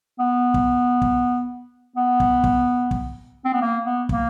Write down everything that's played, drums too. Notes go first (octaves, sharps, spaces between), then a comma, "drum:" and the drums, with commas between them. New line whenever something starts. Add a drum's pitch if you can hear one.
B3
drum: kick
drum: kick
B3
drum: kick
drum: kick
drum: kick
C4
B3
A#3
B3
A#3, drum: kick